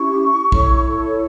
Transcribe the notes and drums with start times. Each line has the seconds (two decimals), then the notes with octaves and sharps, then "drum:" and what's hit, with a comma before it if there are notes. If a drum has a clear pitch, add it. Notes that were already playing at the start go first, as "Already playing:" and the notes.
Already playing: C#4 E4 G4 C#6
0.52 E4 A4 C#5, drum: kick